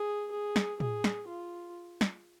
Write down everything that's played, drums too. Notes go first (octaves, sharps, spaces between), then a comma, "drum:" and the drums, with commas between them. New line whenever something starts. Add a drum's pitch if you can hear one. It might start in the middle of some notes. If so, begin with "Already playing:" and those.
Already playing: G#4
G#4
drum: snare
G#4, drum: tom A2
drum: snare
F4
drum: snare